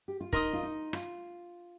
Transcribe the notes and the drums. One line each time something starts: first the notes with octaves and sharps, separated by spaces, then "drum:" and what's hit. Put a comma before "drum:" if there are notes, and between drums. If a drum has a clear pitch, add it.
G4
F4
D#4 A#4 D#5 C6 D#6, drum: kick
F4
D#4
F4, drum: rim click